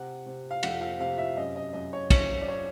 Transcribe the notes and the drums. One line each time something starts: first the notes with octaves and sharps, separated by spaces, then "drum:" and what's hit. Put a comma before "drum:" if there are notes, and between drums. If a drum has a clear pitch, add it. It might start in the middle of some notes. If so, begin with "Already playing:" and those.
Already playing: C3 F#5
C3
F5
F2 F#5, drum: cymbal
F5
C3 F5
E5
F#2 D#5
D#5
F#2 D#5
C#5
F#2 C#5, drum: kick, cymbal
D5
C#5